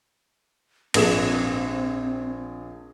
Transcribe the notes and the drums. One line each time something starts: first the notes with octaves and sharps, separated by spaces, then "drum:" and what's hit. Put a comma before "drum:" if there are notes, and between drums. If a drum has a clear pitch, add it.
A#1 C4 G#4 E7, drum: cymbal